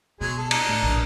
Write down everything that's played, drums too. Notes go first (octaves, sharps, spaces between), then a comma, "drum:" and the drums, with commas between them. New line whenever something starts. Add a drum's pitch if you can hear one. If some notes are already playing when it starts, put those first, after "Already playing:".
B2 F#3 G#3 G#4
A4
D4 D#5 A#5, drum: cymbal
A2
A#1